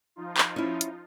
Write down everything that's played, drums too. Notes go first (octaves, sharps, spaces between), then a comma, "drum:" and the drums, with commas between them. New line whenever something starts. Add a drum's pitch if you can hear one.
F3 D#4 F4
drum: clap
C#4 E4
drum: hi-hat